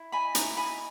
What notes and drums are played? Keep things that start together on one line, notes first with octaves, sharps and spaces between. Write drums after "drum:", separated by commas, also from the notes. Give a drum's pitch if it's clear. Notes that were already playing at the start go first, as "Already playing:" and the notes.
Already playing: E4
D#5 G#5 B5
E4 A#5 C#6, drum: hi-hat
D#5 G#5 B5